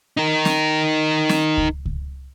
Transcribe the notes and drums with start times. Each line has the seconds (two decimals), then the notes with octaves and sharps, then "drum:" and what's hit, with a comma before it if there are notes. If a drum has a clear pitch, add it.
0.17 D#4 A#4
0.45 drum: snare
1.29 drum: snare
1.57 drum: kick C#2
1.86 drum: kick C#2